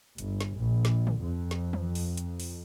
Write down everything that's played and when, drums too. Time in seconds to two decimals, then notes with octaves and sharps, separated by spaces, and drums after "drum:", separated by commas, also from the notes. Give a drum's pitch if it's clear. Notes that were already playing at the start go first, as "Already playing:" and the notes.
0.18 G1, drum: hi-hat
0.41 drum: snare
0.55 A#1
0.85 drum: snare
1.07 drum: tom
1.22 F2
1.51 drum: snare
1.73 drum: tom D#3
1.95 drum: open hi-hat
2.17 drum: hi-hat
2.40 drum: open hi-hat